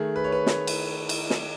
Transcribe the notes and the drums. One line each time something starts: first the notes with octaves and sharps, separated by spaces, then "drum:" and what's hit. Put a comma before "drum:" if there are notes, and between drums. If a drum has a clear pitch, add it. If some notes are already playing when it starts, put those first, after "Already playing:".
Already playing: D#3 A3 G#4
B4
C#5
B4
drum: snare
drum: cymbal
drum: cymbal
drum: snare